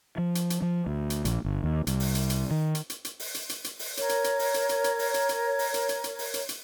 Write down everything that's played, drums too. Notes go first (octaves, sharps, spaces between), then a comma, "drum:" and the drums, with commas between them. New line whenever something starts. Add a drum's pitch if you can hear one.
F3
drum: hi-hat
drum: hi-hat
F3
D2
drum: hi-hat
A#1, drum: hi-hat
G1
D#2
C2, drum: hi-hat
drum: open hi-hat
drum: hi-hat
drum: hi-hat
D#3
drum: hi-hat
drum: hi-hat
drum: hi-hat
drum: open hi-hat
drum: hi-hat
drum: hi-hat
drum: hi-hat
drum: open hi-hat
A#4 C#5, drum: hi-hat
drum: hi-hat
drum: hi-hat
drum: open hi-hat
drum: hi-hat
drum: hi-hat
drum: hi-hat
drum: open hi-hat
drum: hi-hat
drum: hi-hat
drum: open hi-hat
drum: hi-hat
drum: hi-hat
drum: hi-hat
drum: open hi-hat
drum: hi-hat
drum: hi-hat